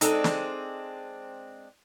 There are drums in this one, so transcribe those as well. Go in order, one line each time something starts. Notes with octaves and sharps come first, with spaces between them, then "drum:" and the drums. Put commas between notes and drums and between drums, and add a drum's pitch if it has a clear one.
G#3 C4 D4 D#4 A4, drum: hi-hat
drum: snare